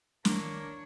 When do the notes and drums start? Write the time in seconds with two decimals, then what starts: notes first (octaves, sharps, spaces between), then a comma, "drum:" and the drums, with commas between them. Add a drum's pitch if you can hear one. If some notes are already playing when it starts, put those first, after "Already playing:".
0.25 D#3 A#3 D4 C#5, drum: snare